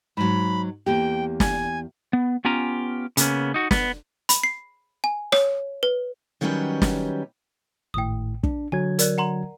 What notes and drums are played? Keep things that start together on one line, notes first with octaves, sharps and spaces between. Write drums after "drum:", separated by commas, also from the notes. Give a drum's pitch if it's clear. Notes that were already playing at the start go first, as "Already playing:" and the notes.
G#2 F#3 B5
E2 A#3 G4 G5
G#5, drum: snare
B3
B3 C#4 F4 G4 G#5 A#5
C#3 A#3 B3 C#4, drum: hi-hat
D#4 F#4
B3, drum: snare
B5, drum: hi-hat
C7
G#5
C#5, drum: rim click
B4
D#3 F#3 G3 C#4 G4 B4
drum: snare
G#1 A2 G5 D#6
D4, drum: kick
D3 F#3 G#5 G#6
A#4 D5 F#6, drum: hi-hat
F#5 A#5 C6